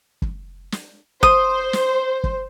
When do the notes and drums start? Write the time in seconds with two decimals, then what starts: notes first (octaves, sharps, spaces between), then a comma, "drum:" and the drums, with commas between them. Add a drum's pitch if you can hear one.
0.22 drum: kick F#1
0.72 drum: snare
1.23 C5 D#6, drum: kick F#1
1.73 drum: snare
2.24 drum: kick F#1